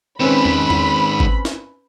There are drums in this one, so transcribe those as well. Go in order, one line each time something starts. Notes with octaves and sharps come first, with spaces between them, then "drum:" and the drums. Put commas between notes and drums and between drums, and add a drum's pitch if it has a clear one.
D#3 G#3 C4 C#4 B4 B5
drum: tom E2
drum: tom E2
drum: kick G#1
drum: snare